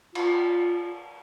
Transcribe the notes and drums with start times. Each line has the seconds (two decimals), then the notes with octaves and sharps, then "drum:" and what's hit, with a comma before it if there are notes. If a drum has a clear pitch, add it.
0.15 F4, drum: cymbal